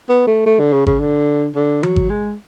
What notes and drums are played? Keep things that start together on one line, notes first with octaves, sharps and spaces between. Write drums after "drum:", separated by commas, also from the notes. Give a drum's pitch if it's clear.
B3
A3
A3
D3
C#3
C#3, drum: kick G#1
D3
D3
F#3, drum: tom E3
drum: kick G#1
G#3